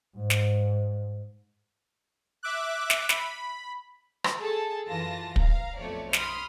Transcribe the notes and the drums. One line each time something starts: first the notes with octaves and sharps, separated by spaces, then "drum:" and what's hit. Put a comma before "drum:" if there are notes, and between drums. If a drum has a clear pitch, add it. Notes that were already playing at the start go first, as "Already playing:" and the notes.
G#2
drum: snare
E5 D6 F#6
drum: snare
B5, drum: snare
drum: rim click
G#4 A4 A5
F#2 E3 F4 A5 A#6
F5 A#5, drum: kick
B1 F2 A3 C#5 D5
B5 C6 D#6 F6, drum: snare